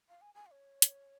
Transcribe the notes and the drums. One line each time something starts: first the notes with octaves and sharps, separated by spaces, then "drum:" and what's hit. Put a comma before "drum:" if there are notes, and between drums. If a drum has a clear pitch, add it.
F5
G#5
G#5
F5
C#5
drum: hi-hat